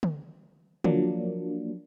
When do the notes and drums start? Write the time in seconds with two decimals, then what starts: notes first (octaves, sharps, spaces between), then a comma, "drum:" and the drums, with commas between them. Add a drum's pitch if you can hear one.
0.03 drum: tom
0.84 F3 F#3 A#3 D4, drum: tom